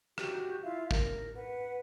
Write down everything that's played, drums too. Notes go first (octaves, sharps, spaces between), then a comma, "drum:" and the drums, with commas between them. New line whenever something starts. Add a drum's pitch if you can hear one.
F#4 G4, drum: rim click
E4 F4 E5 F5
A#4, drum: kick
B4 F#5